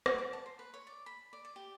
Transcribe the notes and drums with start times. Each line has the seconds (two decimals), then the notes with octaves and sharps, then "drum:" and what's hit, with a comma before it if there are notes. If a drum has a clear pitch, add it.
0.06 F#4, drum: rim click
0.18 D6
0.33 A5
0.46 C5
0.59 B4
0.74 C#5
0.87 D5
1.06 B5
1.33 D5
1.45 D5
1.56 G4